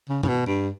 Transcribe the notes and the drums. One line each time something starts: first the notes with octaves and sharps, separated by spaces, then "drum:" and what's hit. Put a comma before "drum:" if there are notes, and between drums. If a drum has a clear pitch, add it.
C#3
C#3, drum: tom G2
B2
G2